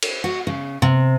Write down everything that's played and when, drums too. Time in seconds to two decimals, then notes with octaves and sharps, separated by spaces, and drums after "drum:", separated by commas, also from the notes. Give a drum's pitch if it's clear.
0.03 drum: cymbal
0.24 F#4
0.47 C#3
0.82 C3